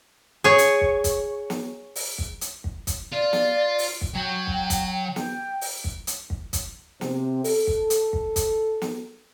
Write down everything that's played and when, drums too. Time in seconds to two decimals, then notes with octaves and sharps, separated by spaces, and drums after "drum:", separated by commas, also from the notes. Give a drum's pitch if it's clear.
0.44 G#4 C#5
0.58 drum: hi-hat
0.81 drum: kick
1.04 drum: kick, hi-hat
1.50 drum: snare
1.96 drum: open hi-hat
2.18 drum: kick
2.41 drum: hi-hat
2.64 drum: kick
2.87 drum: kick, hi-hat
3.13 F4 D5
3.33 drum: snare
3.78 drum: open hi-hat
4.01 drum: kick
4.15 F#3 G5
4.47 drum: kick
4.70 drum: kick, hi-hat
5.16 G5, drum: snare
5.61 drum: open hi-hat
5.84 drum: kick
6.07 drum: hi-hat
6.30 drum: kick
6.53 drum: kick, hi-hat
7.01 C3 C4, drum: snare
7.44 A4, drum: open hi-hat
7.67 drum: kick
7.90 drum: hi-hat
8.13 drum: kick
8.36 drum: kick, hi-hat
8.82 drum: snare